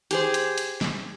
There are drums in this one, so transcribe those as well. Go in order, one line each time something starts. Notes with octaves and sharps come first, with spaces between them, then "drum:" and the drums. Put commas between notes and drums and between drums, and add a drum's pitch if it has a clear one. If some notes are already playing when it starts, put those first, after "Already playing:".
G4 G#4 C5, drum: hi-hat
drum: hi-hat
drum: hi-hat
drum: snare